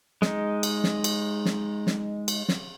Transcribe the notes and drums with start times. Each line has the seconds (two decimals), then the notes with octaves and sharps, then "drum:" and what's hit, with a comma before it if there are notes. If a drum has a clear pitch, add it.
0.22 G#3 D#4, drum: snare
0.63 drum: cymbal
0.84 drum: snare
1.04 drum: cymbal
1.45 drum: snare
1.87 drum: snare
2.28 drum: cymbal
2.49 drum: snare